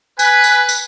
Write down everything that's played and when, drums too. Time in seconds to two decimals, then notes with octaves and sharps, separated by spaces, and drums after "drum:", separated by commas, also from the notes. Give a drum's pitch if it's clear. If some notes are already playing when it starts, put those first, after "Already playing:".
0.19 B4 G#5, drum: tambourine
0.44 drum: tambourine
0.69 drum: tambourine